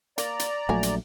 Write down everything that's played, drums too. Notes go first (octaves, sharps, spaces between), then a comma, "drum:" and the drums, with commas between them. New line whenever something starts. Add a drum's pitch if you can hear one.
A#3 D5 A#5, drum: hi-hat
drum: hi-hat
A#1 D3 F#3 A3 C#5 G#5
drum: hi-hat